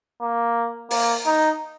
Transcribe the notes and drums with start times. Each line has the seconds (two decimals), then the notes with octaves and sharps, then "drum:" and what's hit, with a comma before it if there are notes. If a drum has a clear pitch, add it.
0.22 A#3
0.91 A#3, drum: open hi-hat
1.26 D#4